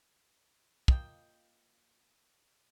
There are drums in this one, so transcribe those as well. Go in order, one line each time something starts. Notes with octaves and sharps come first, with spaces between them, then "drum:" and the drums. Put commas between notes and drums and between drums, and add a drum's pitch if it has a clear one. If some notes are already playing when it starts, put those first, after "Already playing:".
A#3 F4 D#5 G5, drum: kick